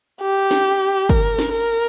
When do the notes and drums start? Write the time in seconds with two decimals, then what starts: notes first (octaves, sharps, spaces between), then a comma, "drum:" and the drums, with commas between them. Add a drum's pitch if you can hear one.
0.21 G4
0.51 drum: snare
1.09 A#4, drum: kick
1.39 drum: snare
1.53 A#4